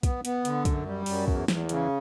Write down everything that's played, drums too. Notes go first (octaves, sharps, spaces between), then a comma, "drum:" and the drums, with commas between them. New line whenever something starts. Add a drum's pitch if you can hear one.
B3, drum: kick, hi-hat
B3, drum: hi-hat
D3, drum: hi-hat
F#2, drum: kick, hi-hat
G3
F#2, drum: open hi-hat
E2, drum: kick
E2, drum: snare
C#3, drum: hi-hat